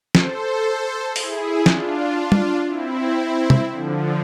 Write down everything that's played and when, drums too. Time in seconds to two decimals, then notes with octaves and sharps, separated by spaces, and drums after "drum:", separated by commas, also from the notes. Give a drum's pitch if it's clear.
0.15 A4 C5, drum: snare
1.16 E4 G#4, drum: open hi-hat
1.66 D4 F4, drum: snare
2.32 drum: tom
2.67 C4 E4
3.50 drum: tom
3.69 D3 F3